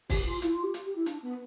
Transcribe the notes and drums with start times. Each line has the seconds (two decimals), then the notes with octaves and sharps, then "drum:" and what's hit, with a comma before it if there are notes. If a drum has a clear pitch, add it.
0.10 G4, drum: kick, open hi-hat
0.26 F4
0.42 E4, drum: hi-hat
0.53 F4
0.63 G4
0.74 drum: hi-hat
0.85 G4
0.95 E4
1.06 D4, drum: hi-hat
1.22 B3